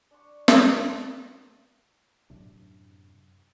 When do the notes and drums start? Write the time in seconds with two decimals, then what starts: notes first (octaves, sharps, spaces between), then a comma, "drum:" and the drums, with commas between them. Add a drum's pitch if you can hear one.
0.11 D4 C#6
0.48 drum: snare
0.65 F#5
2.30 F#2 A2 C3 D4